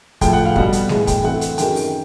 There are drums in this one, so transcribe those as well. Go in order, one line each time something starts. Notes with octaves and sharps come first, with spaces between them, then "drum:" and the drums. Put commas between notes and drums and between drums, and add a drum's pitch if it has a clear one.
A2 F3 A3 G5, drum: kick, hi-hat
F#5
F5
B2 G3 B3 F#5, drum: kick
drum: hi-hat
A2 E3 G#3, drum: snare G#3
G5, drum: kick, hi-hat
C3 E3 A3 C4 F#5
drum: hi-hat
F#2 D#3 G#3 G5, drum: hi-hat
drum: open hi-hat